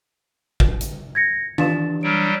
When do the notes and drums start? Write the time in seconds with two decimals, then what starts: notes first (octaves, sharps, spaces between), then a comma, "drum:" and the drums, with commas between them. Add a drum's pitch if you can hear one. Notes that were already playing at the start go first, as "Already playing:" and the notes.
0.60 drum: kick
0.81 drum: hi-hat
1.15 G#6 A#6 C#7
1.58 E3 D4 A6 E7, drum: tom
2.03 F#3 G3 F6 D7